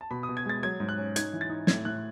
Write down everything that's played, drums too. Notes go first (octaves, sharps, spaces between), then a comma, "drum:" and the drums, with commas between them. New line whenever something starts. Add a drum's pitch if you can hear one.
A5
B2 B5
D#6
B2
G#6
G#3 A6
F#3 G#6
G#2
F#6
C#4
D#4 G#6, drum: hi-hat
E3
A6
D#4
A2 G#6, drum: snare
A2 F#6